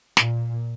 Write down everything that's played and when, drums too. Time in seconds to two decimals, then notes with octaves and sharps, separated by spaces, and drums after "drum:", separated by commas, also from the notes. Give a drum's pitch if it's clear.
0.17 A#2, drum: snare